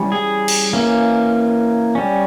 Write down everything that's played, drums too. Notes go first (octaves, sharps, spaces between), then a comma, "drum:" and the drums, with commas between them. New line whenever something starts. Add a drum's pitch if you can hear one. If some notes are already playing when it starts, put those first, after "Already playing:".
Already playing: E3 G3 C#4
G#4
drum: cymbal
E3 A#3 C#4
G3 C#4